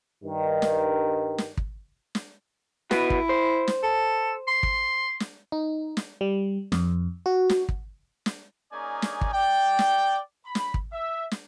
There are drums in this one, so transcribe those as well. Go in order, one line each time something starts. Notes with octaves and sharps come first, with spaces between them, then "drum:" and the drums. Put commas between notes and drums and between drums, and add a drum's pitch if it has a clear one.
G2 D#3
drum: snare
drum: snare
drum: kick
drum: snare
E4 F#4 B4, drum: snare
drum: kick
C5
drum: snare
A4
C6
drum: kick
drum: snare
D#4
drum: snare
G3
F2, drum: snare
F#4
drum: snare
drum: kick
drum: snare
A#3 C#4 D#4 G#4 D5 G#5
drum: snare
drum: kick
D5 G5
drum: snare
B5
drum: snare
drum: kick
E5
drum: snare